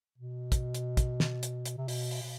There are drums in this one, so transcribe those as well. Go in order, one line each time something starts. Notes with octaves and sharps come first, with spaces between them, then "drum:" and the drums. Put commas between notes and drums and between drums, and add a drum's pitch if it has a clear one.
B2
drum: kick, hi-hat
drum: hi-hat
drum: kick, hi-hat
drum: snare
drum: hi-hat
drum: hi-hat
C3
B2, drum: open hi-hat
drum: open hi-hat
B2